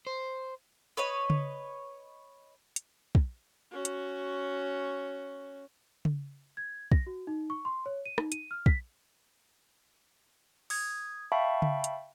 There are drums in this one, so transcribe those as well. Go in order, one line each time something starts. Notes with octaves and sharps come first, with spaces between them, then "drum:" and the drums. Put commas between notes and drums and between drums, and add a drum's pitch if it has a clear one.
C5
B4 C#5 D#5
drum: tom C#3
drum: hi-hat
drum: kick
C#4 F#4
drum: hi-hat
drum: tom C#3
G#6
A#6, drum: kick
F#4
D#4
C#6
C6
C#5
D#7
D#4, drum: rim click
D#7, drum: hi-hat
F6
B6, drum: kick
D#6 G#6, drum: open hi-hat
E5 F5 G5 A5 B5 C#6
drum: tom C#3
drum: hi-hat